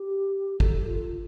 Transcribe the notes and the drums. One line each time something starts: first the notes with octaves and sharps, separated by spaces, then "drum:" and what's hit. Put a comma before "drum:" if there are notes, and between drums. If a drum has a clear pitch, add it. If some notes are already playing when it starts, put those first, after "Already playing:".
Already playing: G4
A4, drum: kick
F4